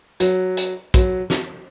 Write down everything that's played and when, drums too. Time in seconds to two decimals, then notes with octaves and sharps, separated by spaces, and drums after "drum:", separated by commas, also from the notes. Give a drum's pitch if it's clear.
0.20 F#3, drum: hi-hat
0.57 drum: hi-hat
0.94 F#3, drum: kick, hi-hat
1.30 drum: snare